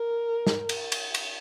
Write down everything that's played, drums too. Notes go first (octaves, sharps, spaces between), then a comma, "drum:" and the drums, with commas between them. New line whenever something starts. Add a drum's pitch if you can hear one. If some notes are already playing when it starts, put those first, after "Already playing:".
Already playing: A#4
drum: snare
drum: cymbal
drum: cymbal
drum: cymbal